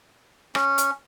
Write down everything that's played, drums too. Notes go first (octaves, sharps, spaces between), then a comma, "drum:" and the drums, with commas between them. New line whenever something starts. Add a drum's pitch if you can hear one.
C#4, drum: rim click
drum: hi-hat